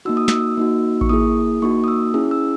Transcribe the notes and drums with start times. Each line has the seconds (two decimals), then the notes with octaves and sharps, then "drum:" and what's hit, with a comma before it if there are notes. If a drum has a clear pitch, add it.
0.05 A#3 D#4 F#4 E6
0.17 D#6
0.28 E6, drum: snare
0.57 A#3 D#4 F#4
1.01 C#6, drum: kick A1
1.09 A#3 E4 G#4 D#6
1.62 A#3 D#4 F#4 C#6
1.84 D#6
1.88 E6
2.14 C#4 E4 G#4
2.31 E6